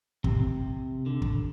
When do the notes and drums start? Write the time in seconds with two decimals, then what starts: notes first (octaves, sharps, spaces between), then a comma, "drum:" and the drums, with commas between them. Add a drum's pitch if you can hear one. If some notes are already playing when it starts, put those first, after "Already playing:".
0.24 C3, drum: kick
1.06 D3
1.22 drum: kick